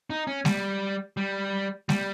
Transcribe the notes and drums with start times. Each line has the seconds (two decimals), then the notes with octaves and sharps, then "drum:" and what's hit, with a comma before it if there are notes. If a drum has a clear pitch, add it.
0.10 D#4
0.27 C#4
0.45 G3, drum: snare G#3
1.17 G3
1.89 G3, drum: snare G#3